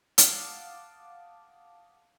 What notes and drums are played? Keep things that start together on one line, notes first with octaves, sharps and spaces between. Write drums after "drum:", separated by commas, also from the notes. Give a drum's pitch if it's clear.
F5 F#5 A5 D6 D#6, drum: hi-hat